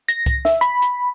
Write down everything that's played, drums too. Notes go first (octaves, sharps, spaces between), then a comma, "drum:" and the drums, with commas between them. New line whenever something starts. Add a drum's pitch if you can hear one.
A#6, drum: hi-hat
drum: kick C2, hi-hat
E5, drum: snare
B5, drum: hi-hat
drum: hi-hat